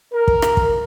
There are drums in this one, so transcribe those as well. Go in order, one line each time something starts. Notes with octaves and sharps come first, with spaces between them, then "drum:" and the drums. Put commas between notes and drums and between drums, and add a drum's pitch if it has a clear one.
A#4
drum: kick
drum: rim click
drum: kick